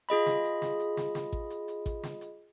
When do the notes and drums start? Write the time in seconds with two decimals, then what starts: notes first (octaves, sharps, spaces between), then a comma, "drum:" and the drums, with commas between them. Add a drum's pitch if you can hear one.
0.09 F4 G#4 D#5 B5, drum: hi-hat
0.26 drum: snare
0.44 drum: hi-hat
0.62 drum: snare
0.79 drum: hi-hat
0.97 drum: snare
1.15 drum: snare
1.33 drum: kick A1
1.50 drum: hi-hat
1.68 drum: hi-hat
1.86 drum: kick A1, hi-hat
2.03 drum: snare
2.21 drum: hi-hat